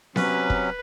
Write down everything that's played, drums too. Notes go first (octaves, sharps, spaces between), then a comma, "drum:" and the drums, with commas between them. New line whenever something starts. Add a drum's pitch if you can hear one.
C3 F#3 C#4 B4, drum: snare B3
drum: kick